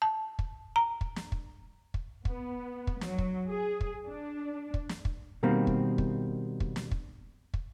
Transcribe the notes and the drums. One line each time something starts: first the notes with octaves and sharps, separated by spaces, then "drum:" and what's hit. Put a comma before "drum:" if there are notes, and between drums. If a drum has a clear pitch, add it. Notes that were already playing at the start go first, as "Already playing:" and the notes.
A5
drum: kick
A#5
drum: kick
drum: snare
drum: kick
drum: kick
B3, drum: kick
drum: kick
F#3, drum: snare
drum: kick
G#4
drum: kick
D4
drum: kick
drum: snare
drum: kick
B2 D#3 G3 A#3 C4
drum: kick
drum: kick
drum: kick
drum: snare
drum: kick
drum: kick